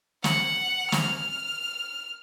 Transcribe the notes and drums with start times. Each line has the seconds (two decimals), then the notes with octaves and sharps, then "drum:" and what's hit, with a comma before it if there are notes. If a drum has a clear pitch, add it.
0.24 F#5, drum: snare
0.92 F6, drum: snare